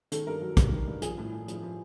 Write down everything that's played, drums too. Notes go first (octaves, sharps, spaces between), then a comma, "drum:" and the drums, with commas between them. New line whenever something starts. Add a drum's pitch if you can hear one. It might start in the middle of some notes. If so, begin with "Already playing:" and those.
D#3 A4, drum: hi-hat
G2 A#4
F#3
G2, drum: kick, hi-hat
D#3
G2
F3 G#4, drum: hi-hat
A2
A2
F3, drum: hi-hat
F3